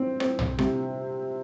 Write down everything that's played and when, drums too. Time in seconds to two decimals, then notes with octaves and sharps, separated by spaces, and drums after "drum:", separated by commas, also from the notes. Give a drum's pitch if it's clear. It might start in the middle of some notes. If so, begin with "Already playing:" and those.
Already playing: C4
0.20 C4, drum: rim click
0.39 drum: tom
0.58 C3, drum: rim click